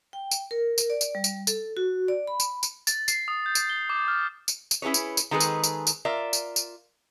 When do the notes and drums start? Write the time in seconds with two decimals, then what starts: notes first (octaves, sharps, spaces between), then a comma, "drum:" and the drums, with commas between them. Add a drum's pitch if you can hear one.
0.13 G5
0.31 drum: tambourine
0.51 A#4
0.78 drum: tambourine
0.90 D5
1.01 drum: tambourine
1.15 G3
1.24 drum: tambourine
1.47 A4, drum: tambourine
1.77 F#4
2.08 D5
2.27 B5
2.40 drum: tambourine
2.63 drum: tambourine
2.87 A6, drum: tambourine
3.08 C7, drum: tambourine
3.28 D#6
3.46 G6
3.55 drum: tambourine
3.70 G7
3.89 D6
4.08 F6
4.48 drum: tambourine
4.71 drum: tambourine
4.82 C#4 E4 G#4 B4 C#5
4.94 drum: tambourine
5.17 drum: tambourine
5.31 D#3 G#3 C4 G#4 A4 B4
5.40 drum: tambourine
5.64 drum: tambourine
5.87 drum: tambourine
6.05 F4 A#4 D5 E5
6.33 drum: tambourine
6.56 drum: tambourine